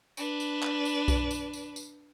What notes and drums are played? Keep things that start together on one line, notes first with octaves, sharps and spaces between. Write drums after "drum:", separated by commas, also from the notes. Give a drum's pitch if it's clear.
D4 B4, drum: tambourine
drum: tambourine
drum: clap
drum: tambourine
drum: kick B1, tambourine
drum: tambourine
drum: tambourine
drum: tambourine